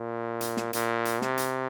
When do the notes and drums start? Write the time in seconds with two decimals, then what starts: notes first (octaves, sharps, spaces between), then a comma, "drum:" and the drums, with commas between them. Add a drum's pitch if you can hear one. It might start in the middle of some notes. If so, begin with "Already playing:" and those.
Already playing: A#2
0.41 drum: hi-hat
0.57 drum: snare
0.73 A#2, drum: hi-hat
1.05 drum: hi-hat
1.22 C3, drum: snare
1.38 drum: hi-hat